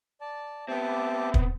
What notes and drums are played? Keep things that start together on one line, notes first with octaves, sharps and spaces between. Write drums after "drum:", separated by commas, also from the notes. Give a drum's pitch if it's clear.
D5 A5
B3 C4 G4 E5 A5 D6
drum: kick